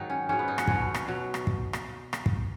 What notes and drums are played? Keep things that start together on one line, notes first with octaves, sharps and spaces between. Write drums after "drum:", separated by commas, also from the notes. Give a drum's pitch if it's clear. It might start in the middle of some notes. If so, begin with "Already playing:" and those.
Already playing: G#2 D#3 F#3 D#4
C#4
G#2 F#3 C#4
B3
D#4
F#4, drum: rim click
B2 F#3 C#4, drum: kick
drum: rim click
B2 F#3
drum: rim click
drum: kick
drum: rim click
drum: rim click
drum: kick